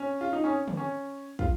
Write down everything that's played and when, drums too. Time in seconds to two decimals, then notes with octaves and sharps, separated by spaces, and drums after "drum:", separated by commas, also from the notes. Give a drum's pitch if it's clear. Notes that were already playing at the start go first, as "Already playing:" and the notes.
Already playing: C#4
0.21 F4
0.33 D#4
0.44 C#4
0.68 drum: tom D3
0.77 C#4
1.39 F4, drum: kick